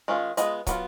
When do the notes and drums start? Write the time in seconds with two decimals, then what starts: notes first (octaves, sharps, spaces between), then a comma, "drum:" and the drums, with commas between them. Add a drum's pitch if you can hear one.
0.08 D#3 G#3 C#4 F4
0.37 G#3 B3 F4 G#4 D#5, drum: hi-hat
0.67 F#3 B3 F4, drum: kick, hi-hat